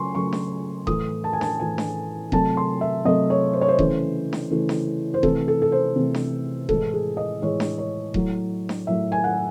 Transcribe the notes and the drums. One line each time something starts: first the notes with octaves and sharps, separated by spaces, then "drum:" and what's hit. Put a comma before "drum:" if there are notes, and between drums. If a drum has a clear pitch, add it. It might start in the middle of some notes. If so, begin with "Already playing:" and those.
Already playing: C#3 F#3 A3 G#5 C6 C#6
C#3 F#3 A3 C#6
drum: snare D4
A2 E3 A3 D#6, drum: kick D#1
A5
G#5
A5, drum: snare D4
A2 E3 A3 G#5
drum: snare D4
C3 F#3 A3 A5, drum: kick D#1
C6
E5
C3 F#3 A3 D#5
C#5
C5
C#5
C5
C#3 E3 A3, drum: kick D#1
drum: snare D4
C#3 E3 A3
drum: snare D4
C5
C3 E3 A3 A4, drum: kick D#1
A4
A4
C5
C3 E3 A3
drum: snare D4
A2 E3 G#3 A4, drum: kick D#1
G#4
D#5
A2 E3 G#3 C#5
drum: snare D4
C#5
A2 F#3 A3, drum: kick D#1
drum: snare D4
A2 F#3 A3 E5
G#5
F#5